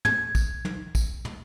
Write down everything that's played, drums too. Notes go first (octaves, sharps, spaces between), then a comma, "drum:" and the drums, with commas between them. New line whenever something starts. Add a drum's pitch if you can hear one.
G#6, drum: tom
drum: kick, tambourine
drum: tom
drum: kick, tambourine
drum: tom